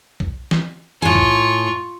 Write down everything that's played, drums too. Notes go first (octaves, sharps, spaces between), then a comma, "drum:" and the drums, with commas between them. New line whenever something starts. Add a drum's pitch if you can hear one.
drum: kick B1
drum: snare
A2 F4 G#5 C#6
drum: kick B1